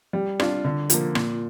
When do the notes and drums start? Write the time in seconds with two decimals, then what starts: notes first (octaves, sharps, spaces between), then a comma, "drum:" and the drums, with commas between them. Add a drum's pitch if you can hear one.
0.13 G3
0.40 D4 F4, drum: rim click
0.65 D3
0.90 F3 A#3, drum: hi-hat
1.15 A#2, drum: rim click